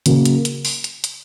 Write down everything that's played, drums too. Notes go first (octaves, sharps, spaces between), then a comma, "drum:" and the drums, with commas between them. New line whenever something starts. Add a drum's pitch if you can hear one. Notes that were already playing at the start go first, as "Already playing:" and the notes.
C#3 F#3 A#3, drum: hi-hat
drum: hi-hat
drum: hi-hat
drum: open hi-hat
drum: hi-hat
drum: hi-hat